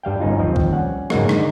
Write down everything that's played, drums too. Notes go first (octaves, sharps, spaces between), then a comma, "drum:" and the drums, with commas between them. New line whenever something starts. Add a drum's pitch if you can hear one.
G2 G3 F5 G5
G1 C#4 D#4 F4
D#2 F3 C4
drum: kick C2
G3 C#4 F#5
G#2 C#3 F#3 G#3 A#3, drum: rim click
D3 D#3 D#4, drum: rim click